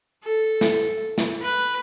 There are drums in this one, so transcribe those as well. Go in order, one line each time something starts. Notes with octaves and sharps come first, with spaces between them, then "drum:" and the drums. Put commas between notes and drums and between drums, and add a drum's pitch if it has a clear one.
A4
drum: snare
drum: snare
B4